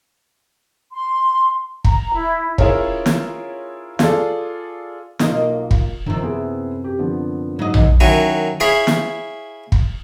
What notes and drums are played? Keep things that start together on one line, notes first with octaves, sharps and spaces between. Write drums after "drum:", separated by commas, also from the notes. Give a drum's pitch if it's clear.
C6
A#5, drum: kick
E4
C#4 E4 F4 G#4 A#4 C#5, drum: kick
drum: snare
F4 G#4 A4 D5, drum: snare
B1 A#3 F4 D#5, drum: snare
drum: kick
F#2 C3 D#3 F3 C4 D#4
B3 E4 G#4
G4
D3 F3 B3
G#2 F#3 D#5
drum: tom A#1
F#2 D#3 F#3 C#4 E4
E4 G#4 C#5 F5 B5
drum: snare
drum: kick